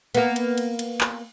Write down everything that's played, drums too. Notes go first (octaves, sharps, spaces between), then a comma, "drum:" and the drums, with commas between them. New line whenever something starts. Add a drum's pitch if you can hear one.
A#3 B3, drum: cymbal
drum: cymbal
drum: cymbal
drum: cymbal
drum: clap